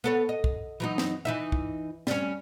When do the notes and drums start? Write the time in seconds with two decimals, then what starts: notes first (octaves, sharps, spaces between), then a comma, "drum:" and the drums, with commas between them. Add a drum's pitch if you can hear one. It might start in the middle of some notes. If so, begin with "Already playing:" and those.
0.04 B3 A4 C#5
0.29 D#5
0.44 drum: kick
0.80 E3 F#3 D#4
0.98 drum: snare
1.25 E3 D#4 E5
1.52 drum: kick
2.07 G3 C#4, drum: snare